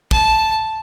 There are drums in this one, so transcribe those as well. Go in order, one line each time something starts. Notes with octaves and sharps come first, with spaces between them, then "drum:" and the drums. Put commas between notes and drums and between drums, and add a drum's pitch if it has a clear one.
A5, drum: kick